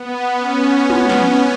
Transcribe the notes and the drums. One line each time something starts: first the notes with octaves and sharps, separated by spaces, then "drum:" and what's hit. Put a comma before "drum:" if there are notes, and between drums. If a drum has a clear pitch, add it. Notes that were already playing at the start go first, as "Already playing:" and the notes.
Already playing: B3
C#4
drum: tom
drum: snare